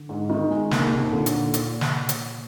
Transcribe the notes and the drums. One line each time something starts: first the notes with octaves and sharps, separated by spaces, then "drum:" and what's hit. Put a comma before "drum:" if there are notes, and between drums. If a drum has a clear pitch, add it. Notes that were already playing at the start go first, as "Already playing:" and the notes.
Already playing: D3
G#2
D#3
G#3
D3 A#3, drum: snare
C3
A#2
D#2 C3
A#2 D3
drum: hi-hat
drum: hi-hat
drum: snare
drum: hi-hat